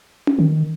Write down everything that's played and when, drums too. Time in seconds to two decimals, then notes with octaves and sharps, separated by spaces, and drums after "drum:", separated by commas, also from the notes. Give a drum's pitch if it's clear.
0.27 drum: tom C#4
0.39 D#3